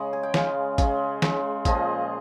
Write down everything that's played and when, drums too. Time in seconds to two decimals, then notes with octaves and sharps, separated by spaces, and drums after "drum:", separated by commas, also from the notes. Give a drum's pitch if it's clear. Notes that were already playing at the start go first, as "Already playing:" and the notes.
Already playing: C#3 G#3 D#5
0.13 G#5
0.23 G5
0.34 C#3 G#3 F5, drum: snare
0.78 C#3 G#3, drum: kick G#1, hi-hat
1.22 C#3 G#3, drum: snare
1.65 A#2 F3 G#3 D#5, drum: kick G#1, hi-hat